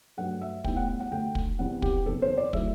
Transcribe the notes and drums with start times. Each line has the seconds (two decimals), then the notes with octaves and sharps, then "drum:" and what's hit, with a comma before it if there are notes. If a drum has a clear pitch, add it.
0.17 G2 F#3 A3 F#5
0.41 E5
0.64 A2 G3 B3 E4 G5, drum: kick
0.77 F#5
0.88 F#5
1.00 F#5
1.11 D2 D3 A3 G5
1.35 drum: kick
1.59 E2 C3 E3 G3 C4 F#5
1.82 G4, drum: kick
2.06 F#1 E2 C3 A4
2.22 C5
2.38 D5
2.53 F#3 A3 E4 E5, drum: kick